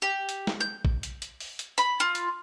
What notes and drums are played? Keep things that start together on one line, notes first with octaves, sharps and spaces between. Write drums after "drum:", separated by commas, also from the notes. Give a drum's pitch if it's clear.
G4
drum: hi-hat
drum: snare
G6
drum: kick
drum: hi-hat
drum: hi-hat
drum: open hi-hat
drum: hi-hat
B5, drum: hi-hat
F4
drum: hi-hat